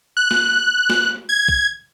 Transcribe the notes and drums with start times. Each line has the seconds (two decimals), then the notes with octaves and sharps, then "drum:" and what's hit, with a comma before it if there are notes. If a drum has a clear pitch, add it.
0.17 F#6
0.31 drum: snare
0.90 drum: snare
1.29 G#6
1.48 drum: kick